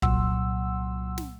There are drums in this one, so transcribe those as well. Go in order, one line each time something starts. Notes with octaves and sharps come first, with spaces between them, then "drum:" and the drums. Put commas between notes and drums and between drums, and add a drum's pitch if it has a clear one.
C2 A#2 F#3 F#5 C6 E6, drum: kick
drum: snare